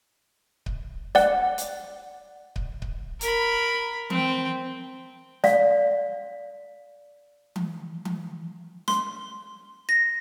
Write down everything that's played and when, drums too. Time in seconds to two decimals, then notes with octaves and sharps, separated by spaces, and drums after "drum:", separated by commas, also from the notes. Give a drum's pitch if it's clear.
0.66 drum: kick C#1
1.15 D5 F#5, drum: snare
1.58 drum: hi-hat
2.56 drum: kick C#1
2.82 drum: kick C#1
3.21 A#4 B5, drum: hi-hat
4.10 C4 G5, drum: tom E3
5.44 D5 F5, drum: snare
7.56 drum: tom E3
8.05 drum: tom E3
8.88 C6, drum: snare
9.89 A#6